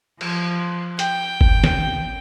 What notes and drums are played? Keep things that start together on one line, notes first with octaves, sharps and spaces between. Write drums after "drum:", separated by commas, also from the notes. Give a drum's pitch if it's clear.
F3, drum: cymbal
G5, drum: hi-hat
drum: kick G1
drum: snare